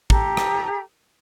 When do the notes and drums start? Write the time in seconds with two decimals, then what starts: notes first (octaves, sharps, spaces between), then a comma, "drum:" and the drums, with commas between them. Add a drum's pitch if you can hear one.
0.10 G4 A4 A#5, drum: kick
0.37 drum: rim click